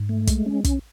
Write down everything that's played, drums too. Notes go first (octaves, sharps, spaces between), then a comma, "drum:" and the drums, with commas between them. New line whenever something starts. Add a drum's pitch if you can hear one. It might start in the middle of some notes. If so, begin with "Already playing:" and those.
Already playing: G#2
A3
G#3, drum: kick, hi-hat
C#4
C#4, drum: kick, hi-hat